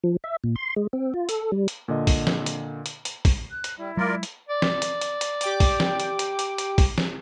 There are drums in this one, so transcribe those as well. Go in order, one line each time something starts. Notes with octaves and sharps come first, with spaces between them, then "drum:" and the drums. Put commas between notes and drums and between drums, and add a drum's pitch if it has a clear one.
F3
E5
A#2
C6
G#3
C4
F4
A4, drum: hi-hat
G3
drum: hi-hat
A#2 D3 D#5
drum: kick, open hi-hat
drum: snare
drum: hi-hat
drum: hi-hat
drum: hi-hat
drum: kick, open hi-hat
F#6
drum: hi-hat
G3 E4
F#3 G#3 F4 A#4 D5
drum: hi-hat
D5
drum: snare
drum: hi-hat
drum: hi-hat
drum: hi-hat
G4 G5 D6, drum: hi-hat
drum: kick, open hi-hat
drum: snare
drum: hi-hat
drum: hi-hat
drum: hi-hat
drum: hi-hat
drum: kick, open hi-hat
drum: snare